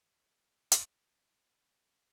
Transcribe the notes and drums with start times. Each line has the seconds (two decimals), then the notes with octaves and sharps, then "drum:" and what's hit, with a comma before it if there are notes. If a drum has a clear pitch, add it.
0.29 F#4
0.72 drum: hi-hat
1.77 C#4 F4 G#4